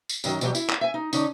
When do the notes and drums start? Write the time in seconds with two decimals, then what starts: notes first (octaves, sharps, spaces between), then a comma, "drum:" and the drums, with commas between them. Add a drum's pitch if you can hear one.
0.09 drum: tambourine
0.24 F#2 D#3 F#3, drum: tambourine
0.41 B2 E3 F#3 G3 G4, drum: tambourine
0.55 E4, drum: tambourine
0.70 drum: clap
0.81 E5 G#5
0.94 D#4
1.13 D3 C#4 D#4, drum: tambourine